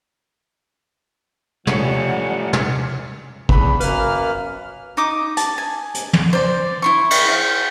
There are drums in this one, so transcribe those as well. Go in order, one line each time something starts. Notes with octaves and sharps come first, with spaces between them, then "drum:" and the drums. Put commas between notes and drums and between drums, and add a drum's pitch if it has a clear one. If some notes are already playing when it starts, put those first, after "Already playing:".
F3 G3 A3 C#4 F#5, drum: tom
drum: tom
E2 B4 B5, drum: kick
F#2 A#3 B4 F6, drum: hi-hat
D#4 D6 D#6
A5, drum: hi-hat
G#5
drum: hi-hat
drum: tom
C5 D5
E4 C6 C#6
drum: cymbal
C5 F5